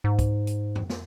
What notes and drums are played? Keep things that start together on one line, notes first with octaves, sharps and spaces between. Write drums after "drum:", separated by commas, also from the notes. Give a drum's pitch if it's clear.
G#2
drum: kick, hi-hat
drum: hi-hat
drum: tom F2
drum: snare